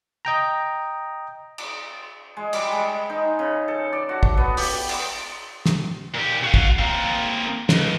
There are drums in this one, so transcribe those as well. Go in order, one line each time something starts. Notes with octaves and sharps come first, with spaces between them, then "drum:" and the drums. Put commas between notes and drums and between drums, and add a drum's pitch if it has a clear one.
D#5 G5 A#5
drum: cymbal
G#3
G3, drum: cymbal
G#3
D#4
C#3
A4
D5
F#4
drum: kick
B3
G4, drum: open hi-hat
drum: cymbal
drum: snare
A#2 G4
F#4 F5
drum: kick
A#3 C4
C#2, drum: snare